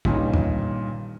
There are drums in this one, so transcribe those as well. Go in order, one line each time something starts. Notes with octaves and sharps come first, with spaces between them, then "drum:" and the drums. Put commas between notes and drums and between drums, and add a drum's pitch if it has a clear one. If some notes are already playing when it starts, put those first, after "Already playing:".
G2 A#2 D#3 G3 C#4 D#4, drum: kick
drum: tom